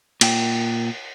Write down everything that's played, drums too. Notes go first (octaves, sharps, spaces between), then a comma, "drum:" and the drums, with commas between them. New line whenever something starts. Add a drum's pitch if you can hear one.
A#2 G5, drum: cymbal